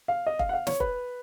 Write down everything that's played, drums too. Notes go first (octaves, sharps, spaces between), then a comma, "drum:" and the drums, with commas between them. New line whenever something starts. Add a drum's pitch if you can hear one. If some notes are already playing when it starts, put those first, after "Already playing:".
F5
D#5
F5, drum: kick F1
F#5
F5
C#5, drum: snare
B4, drum: kick F1